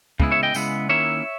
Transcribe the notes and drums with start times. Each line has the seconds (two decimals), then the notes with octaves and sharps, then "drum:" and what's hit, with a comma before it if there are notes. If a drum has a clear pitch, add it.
0.20 C#3 G#3 B3 E4, drum: kick
0.31 C#5 E5
0.43 D#5 G5
0.54 C#3 G#3 B3 E4, drum: tambourine
0.89 D#3 A#3 C#4 E4 C#5 E5